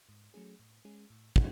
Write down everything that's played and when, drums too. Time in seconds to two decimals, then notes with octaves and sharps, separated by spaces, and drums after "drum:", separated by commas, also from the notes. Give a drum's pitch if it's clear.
0.09 G#2
0.34 F#3 A3 C#4 G#4
0.59 A2
0.85 G#3 C#4 G#4
1.10 A2
1.36 G#3, drum: kick